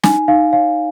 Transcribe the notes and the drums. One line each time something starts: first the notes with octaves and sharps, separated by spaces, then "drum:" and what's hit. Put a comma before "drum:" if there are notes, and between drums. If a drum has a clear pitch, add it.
D#4 G#5, drum: snare
D#4 F5
C#5 F5